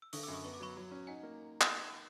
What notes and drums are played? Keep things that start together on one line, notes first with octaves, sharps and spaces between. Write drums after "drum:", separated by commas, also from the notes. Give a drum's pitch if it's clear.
E6
D3 C#6 D#6, drum: open hi-hat
D6 E6
F#2
C#6 D#6
B3 C#6
D6
F#3 B5 C#6
F#3
C#4
D#4 F#5 G#5
A#3
drum: clap